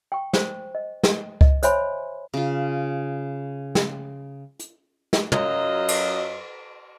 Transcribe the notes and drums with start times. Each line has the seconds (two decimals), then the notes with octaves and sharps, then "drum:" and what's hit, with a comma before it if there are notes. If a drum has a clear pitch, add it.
0.12 G5 C#6
0.33 C5, drum: snare
0.75 D#5
1.03 drum: snare
1.41 D#5, drum: kick C#2
1.63 C5 C#5 E5 G#5 B5 C6, drum: hi-hat
2.34 C#3 F4
3.75 drum: snare
4.59 drum: hi-hat
5.13 drum: snare
5.32 F#2 F#3 F4 D#5, drum: tom
5.88 drum: cymbal